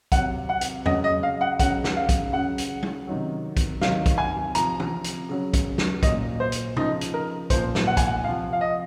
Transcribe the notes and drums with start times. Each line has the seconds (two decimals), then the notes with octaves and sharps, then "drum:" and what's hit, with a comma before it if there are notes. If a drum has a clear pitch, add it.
0.12 C3 F#3 F#5, drum: kick, hi-hat
0.49 F#5
0.61 drum: hi-hat
0.86 C#3 F#3 D#5, drum: tom E2
1.04 D#5
1.23 F5
1.41 F#5
1.59 C#3 F#3 F#5, drum: kick, hi-hat
1.84 drum: snare
1.96 F5
2.09 drum: kick, hi-hat
2.33 C#3 F#3 F#5
2.58 drum: hi-hat
2.83 drum: tom G3
3.07 C3 D#3 F#3
3.57 drum: kick, hi-hat
3.81 C3 D#3 F#3 F5, drum: snare
4.06 drum: kick, hi-hat
4.18 G#5
4.55 C3 F3 A#5, drum: hi-hat
4.80 drum: tom
5.04 drum: hi-hat
5.29 C#3 F#3
5.54 drum: kick, hi-hat
5.78 drum: snare
6.03 A#2 F#3 D#5, drum: kick, hi-hat
6.40 C5
6.52 drum: hi-hat
6.77 C#3 F3 D#4, drum: tom
7.01 drum: hi-hat
7.14 A#4
7.50 A#2 F3 C5, drum: kick, hi-hat
7.75 drum: snare
7.87 F#5
7.97 G#5, drum: kick, hi-hat
8.07 F#5
8.24 C3 F3 F5
8.53 F5
8.61 D#5